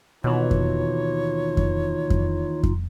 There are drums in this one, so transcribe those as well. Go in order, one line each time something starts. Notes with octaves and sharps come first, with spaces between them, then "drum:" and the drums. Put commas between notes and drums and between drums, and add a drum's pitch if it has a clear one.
D#2 B2 E3 D#4 F4 C#5
drum: kick F2
drum: kick F2
drum: kick F2
drum: kick F2